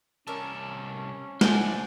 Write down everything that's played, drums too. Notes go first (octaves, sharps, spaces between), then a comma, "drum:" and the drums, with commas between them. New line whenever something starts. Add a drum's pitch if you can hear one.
C2 C#4 A#4 D5 E5 A5
D4 E4 G#4 C5 F#5, drum: snare